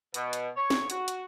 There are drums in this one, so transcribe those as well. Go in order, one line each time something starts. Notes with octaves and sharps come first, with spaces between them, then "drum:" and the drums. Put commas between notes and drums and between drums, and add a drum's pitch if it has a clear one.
B2, drum: hi-hat
drum: hi-hat
C#5
drum: snare
F#4, drum: hi-hat
drum: hi-hat